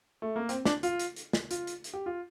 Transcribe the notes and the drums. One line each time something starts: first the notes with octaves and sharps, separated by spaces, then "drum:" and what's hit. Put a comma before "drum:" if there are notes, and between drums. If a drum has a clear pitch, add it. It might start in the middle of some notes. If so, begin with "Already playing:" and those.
A3
A#3
C4, drum: hi-hat
D4, drum: snare
F4, drum: hi-hat
drum: hi-hat
drum: hi-hat
drum: snare
F4, drum: hi-hat
drum: hi-hat
drum: hi-hat
G4
F4